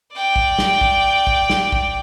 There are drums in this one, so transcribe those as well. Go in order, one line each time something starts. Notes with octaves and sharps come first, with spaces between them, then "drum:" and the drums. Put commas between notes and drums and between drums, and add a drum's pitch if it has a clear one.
D5 G5
drum: kick
drum: snare
drum: kick
drum: kick
drum: snare
drum: kick